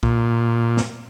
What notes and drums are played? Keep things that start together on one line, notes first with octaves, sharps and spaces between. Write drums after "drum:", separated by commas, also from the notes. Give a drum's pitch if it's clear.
A#2, drum: kick B1
drum: snare